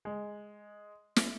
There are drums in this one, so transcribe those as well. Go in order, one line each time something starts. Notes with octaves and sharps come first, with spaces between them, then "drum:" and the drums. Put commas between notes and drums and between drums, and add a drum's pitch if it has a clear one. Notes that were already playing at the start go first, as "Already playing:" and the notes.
G#3
drum: snare